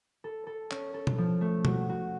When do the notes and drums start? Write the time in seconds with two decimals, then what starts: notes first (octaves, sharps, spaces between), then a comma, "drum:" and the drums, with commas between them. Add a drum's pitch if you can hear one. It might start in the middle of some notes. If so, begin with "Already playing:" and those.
0.24 A4
0.47 A4
0.71 C#4, drum: clap
0.94 A4
1.07 drum: tom B2
1.18 F3
1.41 A3
1.65 F#4, drum: tom B2
1.89 F#4